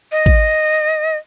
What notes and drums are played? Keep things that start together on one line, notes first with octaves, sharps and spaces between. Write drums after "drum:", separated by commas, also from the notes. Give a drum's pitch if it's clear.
D#5
drum: kick